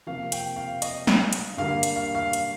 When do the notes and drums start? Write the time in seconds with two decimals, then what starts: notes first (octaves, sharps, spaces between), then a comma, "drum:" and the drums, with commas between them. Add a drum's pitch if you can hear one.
0.07 F2 C3 F3 A#3 F5
0.32 G5, drum: hi-hat
0.56 F5
0.82 D#5, drum: hi-hat
1.07 drum: snare
1.33 drum: hi-hat
1.57 G2 D3 G3 A#3 F5
1.83 drum: hi-hat
1.96 F5
2.15 F5
2.33 drum: hi-hat